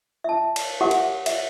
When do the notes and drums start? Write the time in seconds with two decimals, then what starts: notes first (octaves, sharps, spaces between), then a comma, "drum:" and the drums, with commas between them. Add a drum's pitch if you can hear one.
0.24 E5 A5
0.56 drum: cymbal
0.81 G4 A#4 E5 F#5 D6
0.91 drum: cymbal
1.26 E5, drum: cymbal